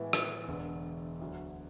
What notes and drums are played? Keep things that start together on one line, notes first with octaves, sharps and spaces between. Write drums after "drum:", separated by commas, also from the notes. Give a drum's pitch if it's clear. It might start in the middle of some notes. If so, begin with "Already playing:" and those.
Already playing: A2 E3 G#3 B3
drum: rim click
E1 E2 D3
D2 D3 F#3